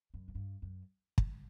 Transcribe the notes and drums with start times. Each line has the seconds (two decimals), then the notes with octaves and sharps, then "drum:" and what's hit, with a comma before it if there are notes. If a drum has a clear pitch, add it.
0.14 F#2
0.28 G#2
0.35 G2
0.62 F#2
1.18 drum: kick